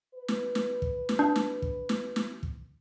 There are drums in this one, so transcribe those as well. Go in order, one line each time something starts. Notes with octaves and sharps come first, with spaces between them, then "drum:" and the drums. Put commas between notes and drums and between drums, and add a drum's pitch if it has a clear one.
B4
drum: snare
drum: snare
drum: kick
drum: snare
D4
drum: snare
drum: kick
drum: snare
drum: snare
drum: kick